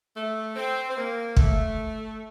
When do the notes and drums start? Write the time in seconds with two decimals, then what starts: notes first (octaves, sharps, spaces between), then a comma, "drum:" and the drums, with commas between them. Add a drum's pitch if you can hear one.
0.16 A3
0.56 C4
0.90 C4
0.97 A#3
1.36 A3, drum: kick